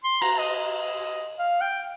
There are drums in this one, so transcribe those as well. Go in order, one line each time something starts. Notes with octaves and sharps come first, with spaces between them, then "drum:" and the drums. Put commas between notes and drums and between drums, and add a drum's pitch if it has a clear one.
C6
A#5, drum: cymbal
D#5
D#5
F5
G5